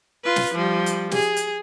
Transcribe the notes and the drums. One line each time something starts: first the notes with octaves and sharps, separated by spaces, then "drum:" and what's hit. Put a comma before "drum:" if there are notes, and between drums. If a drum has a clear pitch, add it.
F4 B4
drum: snare
F3 G3
drum: hi-hat
G#4, drum: snare
drum: hi-hat